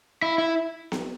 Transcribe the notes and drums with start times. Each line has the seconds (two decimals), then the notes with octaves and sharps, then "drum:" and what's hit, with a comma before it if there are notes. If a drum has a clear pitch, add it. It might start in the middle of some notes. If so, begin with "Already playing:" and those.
0.22 E4
0.38 E4
0.92 drum: snare B3